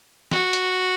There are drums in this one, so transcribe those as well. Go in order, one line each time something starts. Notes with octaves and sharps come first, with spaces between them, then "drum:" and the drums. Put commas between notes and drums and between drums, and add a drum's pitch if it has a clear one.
F#4, drum: snare
drum: hi-hat